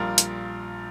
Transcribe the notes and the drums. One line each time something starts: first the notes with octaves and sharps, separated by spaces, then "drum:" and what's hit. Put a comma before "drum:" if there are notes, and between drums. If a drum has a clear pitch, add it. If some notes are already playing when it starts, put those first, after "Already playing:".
Already playing: A#1 A#2 G3 F4 A#4
drum: hi-hat